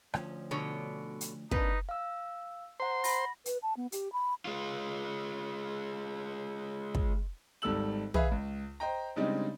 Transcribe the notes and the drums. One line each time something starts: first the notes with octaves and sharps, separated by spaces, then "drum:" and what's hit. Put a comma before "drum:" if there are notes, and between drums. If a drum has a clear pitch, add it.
D2 F3 C#4, drum: rim click
B2 D3 C#5
drum: hi-hat
C3 A#3 D4 D#4 B4, drum: kick
F5 E6
C5 F#5 A#5 C6
B5 A#6, drum: open hi-hat
B4, drum: hi-hat
A5
B3
G4, drum: hi-hat
B5
G#3 F4
drum: kick
G#1 G#2 G3 A4 E6 F#7
G#4 B4 E5 F5, drum: tom
C#2
C5 D#5 G5 A#5
C#3 G3 G#3 C4 D4 D#4